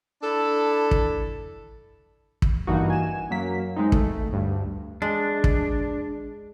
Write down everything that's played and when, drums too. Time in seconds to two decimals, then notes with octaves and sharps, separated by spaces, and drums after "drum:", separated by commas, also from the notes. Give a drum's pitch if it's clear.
0.23 D4 E4 A4
0.91 drum: kick
2.42 drum: kick
2.67 G2 E3 A#3 D#4 F#4
2.90 G#5 E7
3.30 F#2 F#3 A#3 B6
3.76 G#3 C4 D#4
3.92 A3, drum: kick
4.33 D2 G2
5.02 G#3 D4
5.44 drum: kick